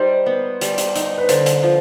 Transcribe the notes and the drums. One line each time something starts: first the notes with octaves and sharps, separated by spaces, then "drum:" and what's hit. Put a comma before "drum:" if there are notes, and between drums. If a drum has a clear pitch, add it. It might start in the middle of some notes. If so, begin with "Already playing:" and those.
Already playing: G3 D#4 C5
B3
G3, drum: hi-hat
drum: hi-hat
D#4, drum: hi-hat
B4
D3 C5, drum: hi-hat
drum: hi-hat
F3